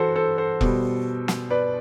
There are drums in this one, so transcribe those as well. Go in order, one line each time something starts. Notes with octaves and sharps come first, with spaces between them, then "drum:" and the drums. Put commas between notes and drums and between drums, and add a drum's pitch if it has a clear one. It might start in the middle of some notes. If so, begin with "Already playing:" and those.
Already playing: E3 F#4 A4 C5
A4 C5
A4 C5
B2 G3, drum: kick E1
drum: snare
B4 D5